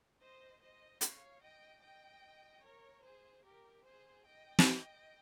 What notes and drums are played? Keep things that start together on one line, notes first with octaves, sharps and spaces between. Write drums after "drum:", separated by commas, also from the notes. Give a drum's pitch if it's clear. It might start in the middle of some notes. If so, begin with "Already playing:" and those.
C5 D#5
C5 D#5
C#5 F5, drum: hi-hat
D#5 G5
D#5 G5
A#4 C#5
G#4 C5
G4 A#4
G#4 C5
D#5 G5
drum: snare